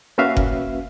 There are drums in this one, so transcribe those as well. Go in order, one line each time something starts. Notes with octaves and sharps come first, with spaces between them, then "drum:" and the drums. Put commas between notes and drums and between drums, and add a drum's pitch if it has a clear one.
A#3 C#4 F#4 B4 E5 F5
drum: kick F#1